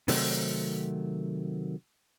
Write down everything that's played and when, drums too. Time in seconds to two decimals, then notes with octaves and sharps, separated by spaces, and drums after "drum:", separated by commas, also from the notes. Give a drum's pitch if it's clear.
0.08 C3 D#3 F#3 A3 C4, drum: open hi-hat